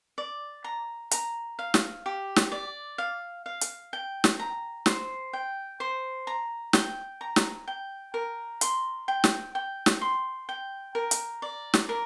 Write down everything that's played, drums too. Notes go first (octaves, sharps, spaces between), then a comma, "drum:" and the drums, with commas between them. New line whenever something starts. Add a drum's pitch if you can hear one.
D5
A#5
A#5, drum: hi-hat
F5
drum: snare
G4
drum: snare
D5
F5
F5
drum: hi-hat
G5
drum: snare
A#5
C5, drum: snare
G5
C5
A#5
G5, drum: snare
A#5
drum: snare
G5
A#4
C6, drum: hi-hat
G5
drum: snare
G5
drum: snare
C6
G5
A#4
drum: hi-hat
D5
drum: snare
A#4